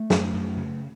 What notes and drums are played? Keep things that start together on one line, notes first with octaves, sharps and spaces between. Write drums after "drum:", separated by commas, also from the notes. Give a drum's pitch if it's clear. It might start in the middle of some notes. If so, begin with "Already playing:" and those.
Already playing: A3
F#2, drum: snare
F#2
C#3